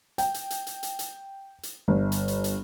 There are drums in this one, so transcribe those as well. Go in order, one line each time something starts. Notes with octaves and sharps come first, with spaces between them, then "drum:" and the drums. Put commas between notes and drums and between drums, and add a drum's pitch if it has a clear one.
G5, drum: hi-hat
drum: hi-hat
drum: hi-hat
drum: hi-hat
drum: hi-hat
drum: hi-hat
drum: hi-hat
G1
drum: hi-hat
drum: hi-hat
drum: hi-hat